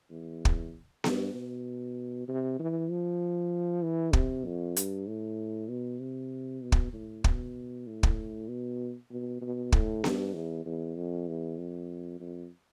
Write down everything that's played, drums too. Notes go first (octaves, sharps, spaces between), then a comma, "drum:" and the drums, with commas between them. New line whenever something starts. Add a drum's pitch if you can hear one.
E2
drum: kick
G2, drum: snare B3
B2
C3
E3
F3
E3
C3, drum: kick
F2
G2, drum: hi-hat
A2
B2
C3
B2
drum: kick
A2
B2, drum: kick
A2
drum: kick
B2
B2
B2
A2, drum: kick
G2, drum: snare B3
E2
E2
F2
E2
F2
F2